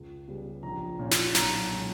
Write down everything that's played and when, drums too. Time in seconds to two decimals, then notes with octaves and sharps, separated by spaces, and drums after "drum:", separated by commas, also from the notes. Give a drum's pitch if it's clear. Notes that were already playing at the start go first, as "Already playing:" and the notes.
Already playing: C#2
0.28 C#3 G3 B3
0.63 A#1 A#5
0.99 A#2 A#3 C#4
1.11 drum: snare
1.35 B1 A#5, drum: snare
1.72 A#2 G#3 C#4